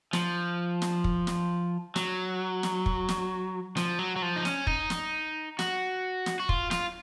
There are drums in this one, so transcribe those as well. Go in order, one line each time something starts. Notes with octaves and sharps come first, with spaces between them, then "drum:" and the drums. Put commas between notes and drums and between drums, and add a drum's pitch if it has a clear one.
F3, drum: snare
drum: snare
drum: kick
drum: snare
F#3, drum: snare
drum: snare
drum: kick
drum: snare
F3, drum: snare
F#3
F#3
F3
D#4
C#4, drum: snare
D#4, drum: kick
drum: snare
F#4, drum: snare
drum: snare
F#4
F4, drum: kick
F4, drum: snare